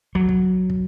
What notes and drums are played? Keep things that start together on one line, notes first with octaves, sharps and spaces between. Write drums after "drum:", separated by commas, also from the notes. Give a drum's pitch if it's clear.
F#3, drum: kick
drum: kick
drum: kick